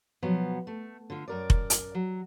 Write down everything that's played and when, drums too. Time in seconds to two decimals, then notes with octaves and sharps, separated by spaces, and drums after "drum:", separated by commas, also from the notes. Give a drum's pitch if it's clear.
0.22 B2 F3 F#3 B3
0.67 A3
1.10 D3 F4
1.28 F#2 A#4 D5
1.50 drum: kick F1
1.70 drum: hi-hat
1.95 F#3